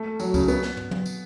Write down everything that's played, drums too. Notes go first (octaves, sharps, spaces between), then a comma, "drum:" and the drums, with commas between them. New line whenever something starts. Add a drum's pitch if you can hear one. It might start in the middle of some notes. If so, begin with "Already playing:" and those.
Already playing: A3
F#3, drum: tambourine
C#3, drum: kick C#2, tambourine
B3, drum: tambourine
drum: snare
drum: tom
drum: tom
drum: tambourine